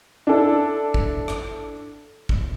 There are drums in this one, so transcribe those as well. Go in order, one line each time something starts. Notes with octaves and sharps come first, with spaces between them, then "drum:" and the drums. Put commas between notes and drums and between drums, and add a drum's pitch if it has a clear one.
D4 E4 A4
drum: kick
drum: rim click
drum: kick